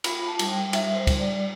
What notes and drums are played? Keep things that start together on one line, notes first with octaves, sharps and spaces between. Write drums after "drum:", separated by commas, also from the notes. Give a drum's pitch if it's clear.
F4 B5, drum: cymbal
A5
G3, drum: cymbal
G5
G3 E5, drum: cymbal
C5
G3, drum: kick, cymbal
D5